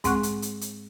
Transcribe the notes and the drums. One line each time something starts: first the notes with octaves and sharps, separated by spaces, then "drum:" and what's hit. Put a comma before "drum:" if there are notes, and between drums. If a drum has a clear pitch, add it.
G#2 G#3 C4 F#5 C#6 F#6, drum: kick, hi-hat
drum: hi-hat
drum: hi-hat
drum: hi-hat